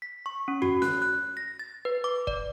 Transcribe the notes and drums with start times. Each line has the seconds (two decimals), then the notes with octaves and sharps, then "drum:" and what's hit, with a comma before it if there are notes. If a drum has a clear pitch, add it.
0.02 B6
0.26 C#6
0.48 C#4
0.62 F#4, drum: tom F2
0.82 F#6, drum: snare C#4
1.02 F#6
1.37 A#6
1.59 A6
1.85 B4
2.04 D6
2.27 D5, drum: kick E1